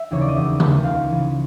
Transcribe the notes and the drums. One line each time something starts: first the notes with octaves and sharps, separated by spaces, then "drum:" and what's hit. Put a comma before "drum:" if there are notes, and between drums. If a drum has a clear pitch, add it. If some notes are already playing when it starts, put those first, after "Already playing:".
Already playing: E5
D#2 C#3 E3 C#5
D5
D#5
E1 E5
D#2 D#3, drum: tom C#3
C#2 F5
C#3 E3